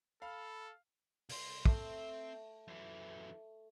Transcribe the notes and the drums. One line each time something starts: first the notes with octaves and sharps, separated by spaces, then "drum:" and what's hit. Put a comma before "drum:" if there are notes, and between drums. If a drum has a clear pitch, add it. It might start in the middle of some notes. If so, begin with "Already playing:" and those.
A4 F5 B5
C2 C6, drum: open hi-hat
A3 C4, drum: kick
F#2 E3